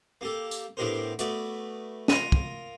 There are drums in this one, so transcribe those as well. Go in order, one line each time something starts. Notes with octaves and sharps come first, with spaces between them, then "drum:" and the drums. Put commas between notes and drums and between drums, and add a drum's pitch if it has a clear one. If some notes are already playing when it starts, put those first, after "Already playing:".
A#3 G4 A4
drum: tambourine
A2 B3 D4 G4 A#4 C5
A3 B3 F#4 D5, drum: hi-hat
F4 A#4 A#5 D#6, drum: snare
drum: kick